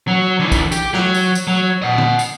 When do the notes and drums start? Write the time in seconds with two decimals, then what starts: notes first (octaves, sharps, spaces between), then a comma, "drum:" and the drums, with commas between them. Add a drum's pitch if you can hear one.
0.08 F#3
0.39 D3 E3
0.52 drum: kick, tambourine
0.72 G4, drum: tambourine
0.93 F#3, drum: snare
1.14 drum: tambourine
1.35 drum: tambourine
1.47 F#3
1.82 D#5 F#5
1.98 drum: tom
2.19 drum: tambourine